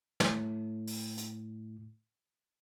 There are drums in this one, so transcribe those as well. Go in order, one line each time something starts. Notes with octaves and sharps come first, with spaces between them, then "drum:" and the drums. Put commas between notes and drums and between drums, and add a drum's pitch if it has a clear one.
A2 A3, drum: snare
drum: open hi-hat
drum: hi-hat